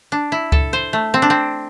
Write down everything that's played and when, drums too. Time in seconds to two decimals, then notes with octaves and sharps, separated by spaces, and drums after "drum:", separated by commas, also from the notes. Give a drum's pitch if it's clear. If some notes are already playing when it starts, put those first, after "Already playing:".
0.12 D4
0.32 E4
0.52 A4, drum: kick C#2
0.73 C5
0.93 A3
1.14 C4
1.22 D4
1.30 C4